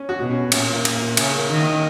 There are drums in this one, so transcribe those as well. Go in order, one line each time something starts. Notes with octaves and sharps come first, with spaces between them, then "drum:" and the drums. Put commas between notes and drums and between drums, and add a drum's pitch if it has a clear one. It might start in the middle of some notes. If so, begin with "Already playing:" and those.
Already playing: C#4
F#4
B2
C#4
A#2 C#4, drum: cymbal
A#3
A#2, drum: cymbal
A#3
C#3 C#4, drum: cymbal
A#3
D#3
A#3